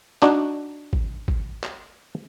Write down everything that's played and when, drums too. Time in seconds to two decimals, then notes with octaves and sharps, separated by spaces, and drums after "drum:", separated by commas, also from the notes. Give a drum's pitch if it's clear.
0.22 D4 D#4 F#4, drum: clap
0.93 drum: kick G#1
1.28 drum: kick G#1
1.63 drum: clap